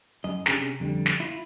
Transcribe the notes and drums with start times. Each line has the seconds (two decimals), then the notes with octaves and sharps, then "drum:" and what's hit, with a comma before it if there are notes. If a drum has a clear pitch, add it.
0.24 F#2 D#5
0.46 C3 C#4 D4 G4 G#4 A#5, drum: snare
0.80 F2 D3 G3
1.06 drum: snare
1.20 E4 F4